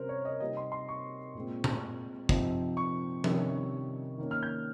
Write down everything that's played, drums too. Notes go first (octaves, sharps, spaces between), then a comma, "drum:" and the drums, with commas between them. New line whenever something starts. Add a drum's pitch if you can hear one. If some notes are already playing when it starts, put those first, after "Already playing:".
Already playing: C3 G3 C#4 A#4 C5
C#5
D#5
C3 G3 C4 D#4 D#5
C6
C6
C#6
A#2 G#3 C4
drum: tom A#2
C3 F3 C4 D#4, drum: kick
C#6
C3 D#3 G3 C#4, drum: tom F3
D#3 A#3 C#4
F6
G6